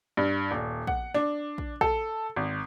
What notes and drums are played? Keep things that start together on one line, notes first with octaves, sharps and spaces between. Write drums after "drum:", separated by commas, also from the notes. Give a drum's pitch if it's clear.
G2
D#1
F#5, drum: kick
D4, drum: snare
drum: kick
A4, drum: kick
G#1